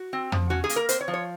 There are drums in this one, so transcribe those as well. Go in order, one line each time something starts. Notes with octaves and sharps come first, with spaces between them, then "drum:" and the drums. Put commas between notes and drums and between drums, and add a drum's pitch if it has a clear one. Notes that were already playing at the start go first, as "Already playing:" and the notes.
Already playing: F#4
C4
F3, drum: tom
C#4 F#4
G#4
A#3, drum: hi-hat
A#4
C4 C5, drum: hi-hat
C#5
F3
C#5